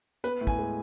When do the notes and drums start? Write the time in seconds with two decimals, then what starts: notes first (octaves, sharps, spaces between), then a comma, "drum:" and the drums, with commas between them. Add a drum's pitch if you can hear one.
0.24 B3 B4, drum: hi-hat
0.41 A2
0.47 G#5, drum: kick
0.59 G#3